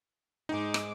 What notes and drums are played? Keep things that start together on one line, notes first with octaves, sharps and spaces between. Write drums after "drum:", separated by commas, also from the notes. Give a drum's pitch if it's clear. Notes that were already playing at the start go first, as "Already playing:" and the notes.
G#2 G#3 D#4 D6
drum: rim click